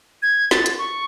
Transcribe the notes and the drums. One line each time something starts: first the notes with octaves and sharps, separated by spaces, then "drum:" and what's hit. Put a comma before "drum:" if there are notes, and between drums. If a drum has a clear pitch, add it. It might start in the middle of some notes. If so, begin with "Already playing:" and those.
G#6
A6, drum: snare
drum: hi-hat
C#6